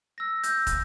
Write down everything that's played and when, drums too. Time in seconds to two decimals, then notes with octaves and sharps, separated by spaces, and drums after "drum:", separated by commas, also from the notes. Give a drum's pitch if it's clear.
0.18 E6 A#6
0.43 G6, drum: hi-hat
0.67 drum: kick, hi-hat